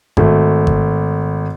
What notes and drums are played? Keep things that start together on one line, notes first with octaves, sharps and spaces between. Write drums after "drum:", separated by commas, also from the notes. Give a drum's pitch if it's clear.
G#1 A3, drum: kick G#1
drum: kick G#1